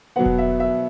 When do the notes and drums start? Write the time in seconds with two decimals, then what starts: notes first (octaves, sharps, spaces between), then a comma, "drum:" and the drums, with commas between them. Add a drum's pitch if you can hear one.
0.16 B2 F#3 B3 F#5
0.26 drum: kick E1
0.38 E5
0.60 E5